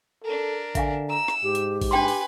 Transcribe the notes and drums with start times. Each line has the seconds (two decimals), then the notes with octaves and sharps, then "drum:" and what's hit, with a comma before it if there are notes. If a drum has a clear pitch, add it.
0.24 D4 A4 A#4
0.75 D3 E5 F5 G#5, drum: kick A1, hi-hat
1.09 A#5 E6
1.28 drum: rim click
1.43 G#2 G4
1.55 drum: hi-hat
1.82 drum: kick A1, open hi-hat
1.91 D4 B4 G5 G#5 C6
2.08 drum: open hi-hat